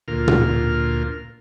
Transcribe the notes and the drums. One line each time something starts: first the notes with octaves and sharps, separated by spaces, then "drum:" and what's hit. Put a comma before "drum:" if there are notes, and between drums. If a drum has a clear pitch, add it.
D2 A#2 F4 A#4 F6
drum: tom